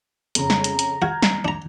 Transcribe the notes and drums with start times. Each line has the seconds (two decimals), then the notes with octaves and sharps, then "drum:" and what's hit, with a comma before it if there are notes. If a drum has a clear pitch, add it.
0.35 F2 C#3 A#5, drum: hi-hat
0.50 drum: snare
0.64 drum: hi-hat
0.79 drum: hi-hat
1.02 F#4 F6 G6 G#6
1.22 drum: snare
1.45 D4 A#5